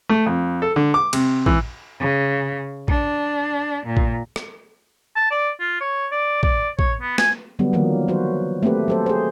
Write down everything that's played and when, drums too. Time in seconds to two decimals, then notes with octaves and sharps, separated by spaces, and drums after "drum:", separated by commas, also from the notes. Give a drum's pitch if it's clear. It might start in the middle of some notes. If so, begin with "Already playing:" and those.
0.09 A3
0.26 F2
0.62 A4
0.76 D3
0.94 D6
1.13 C3, drum: cymbal
1.46 E3, drum: kick
1.99 C#3
2.88 D4, drum: kick
3.87 A#2
3.97 drum: kick
4.36 drum: rim click
5.16 A5
5.31 D5
5.60 F4
5.81 C#5
6.12 D5
6.43 D5, drum: kick
6.79 C#5, drum: kick
7.01 B3
7.18 G#5, drum: snare
7.59 D3 F#3 G3 B3
7.73 D#3 F3 F#3 A#3
8.08 F#3 F#4 B4 C5
8.63 A3 A#3 C4 G4 B4
8.88 F#3 A4 C5
9.06 G#4 C5